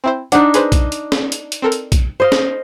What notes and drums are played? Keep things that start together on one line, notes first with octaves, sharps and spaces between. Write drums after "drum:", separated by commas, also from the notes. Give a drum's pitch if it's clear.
C4 E4 C5
D4 D#4 F#5 F#6, drum: hi-hat
G#4 B4 C5, drum: hi-hat
drum: kick B1, hi-hat
drum: hi-hat
drum: snare
drum: hi-hat
drum: hi-hat
C4 A4 A#4
drum: hi-hat
drum: kick B1, hi-hat
C5 D#5 F5
drum: snare